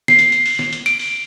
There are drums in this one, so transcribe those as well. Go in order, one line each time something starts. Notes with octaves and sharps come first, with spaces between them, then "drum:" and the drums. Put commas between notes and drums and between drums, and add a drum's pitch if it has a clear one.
C7, drum: snare
drum: hi-hat
drum: hi-hat
drum: open hi-hat
drum: snare
drum: hi-hat
D7, drum: hi-hat
drum: open hi-hat